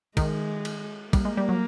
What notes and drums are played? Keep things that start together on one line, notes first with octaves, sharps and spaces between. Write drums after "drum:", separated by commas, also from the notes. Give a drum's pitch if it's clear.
D#3 G#3, drum: kick, cymbal
drum: cymbal
G3 A#3, drum: kick, cymbal
G#3
G3
F#3